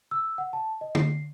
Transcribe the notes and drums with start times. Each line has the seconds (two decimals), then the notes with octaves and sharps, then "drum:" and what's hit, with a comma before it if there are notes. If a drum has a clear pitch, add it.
0.11 E6
0.38 F#5
0.53 A5
0.81 D#5
0.95 C7, drum: tom D3